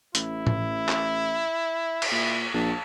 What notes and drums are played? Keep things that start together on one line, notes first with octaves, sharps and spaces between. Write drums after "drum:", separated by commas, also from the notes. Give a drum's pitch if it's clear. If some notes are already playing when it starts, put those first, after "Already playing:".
A1 E4, drum: hi-hat
drum: tom A2
drum: clap
drum: cymbal
A#2 E4
A#1 A5